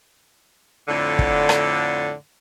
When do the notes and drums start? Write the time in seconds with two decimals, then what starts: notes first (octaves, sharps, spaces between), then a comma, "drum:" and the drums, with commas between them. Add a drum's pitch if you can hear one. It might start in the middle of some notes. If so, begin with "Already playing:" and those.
0.89 F2 A2 D3
1.19 drum: kick
1.49 drum: rim click